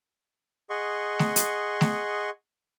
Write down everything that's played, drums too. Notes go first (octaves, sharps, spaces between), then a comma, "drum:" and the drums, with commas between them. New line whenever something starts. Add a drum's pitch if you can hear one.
G#4 D#5 F#5 C6 C#6
drum: snare A3
drum: hi-hat
drum: snare A3